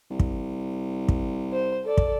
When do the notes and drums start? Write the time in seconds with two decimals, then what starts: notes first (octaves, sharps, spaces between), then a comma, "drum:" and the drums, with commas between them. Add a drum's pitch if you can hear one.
0.10 C2
0.19 drum: kick
1.08 drum: kick
1.53 C5
1.85 A4 D5
1.98 drum: kick